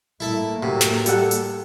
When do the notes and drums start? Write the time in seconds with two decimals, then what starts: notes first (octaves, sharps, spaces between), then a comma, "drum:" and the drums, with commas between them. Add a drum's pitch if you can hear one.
0.20 A2 A3 A#3 E4 A4 E5
0.63 F#2 C3
0.81 drum: snare
1.06 G3 A4 F#5, drum: hi-hat
1.31 drum: hi-hat